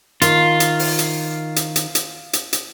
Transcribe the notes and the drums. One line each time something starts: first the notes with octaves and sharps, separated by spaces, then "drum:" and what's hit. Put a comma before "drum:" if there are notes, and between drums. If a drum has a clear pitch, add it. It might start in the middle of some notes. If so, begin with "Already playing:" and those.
D#3 F4, drum: hi-hat
drum: hi-hat
drum: open hi-hat
drum: hi-hat
drum: hi-hat
drum: hi-hat
drum: hi-hat
drum: hi-hat
drum: hi-hat